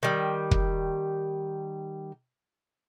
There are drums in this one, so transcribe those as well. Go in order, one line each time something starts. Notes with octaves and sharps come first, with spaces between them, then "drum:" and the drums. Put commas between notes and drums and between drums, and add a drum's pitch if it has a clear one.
D#3 G3
drum: kick